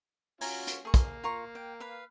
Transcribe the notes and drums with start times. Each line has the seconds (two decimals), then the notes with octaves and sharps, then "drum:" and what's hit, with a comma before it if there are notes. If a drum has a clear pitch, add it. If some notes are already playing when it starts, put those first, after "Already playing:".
0.41 C#4 F4 F#4 G#5 A#5, drum: open hi-hat
0.67 drum: hi-hat
0.85 A#3 G#4 C#6
0.94 drum: kick, hi-hat
1.23 F4 A#4 C#6
1.55 G5
1.80 B4 F5